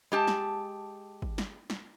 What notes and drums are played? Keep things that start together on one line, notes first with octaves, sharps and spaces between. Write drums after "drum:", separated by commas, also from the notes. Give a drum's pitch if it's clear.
G#3 G4 A5
drum: snare
drum: kick
drum: snare
drum: snare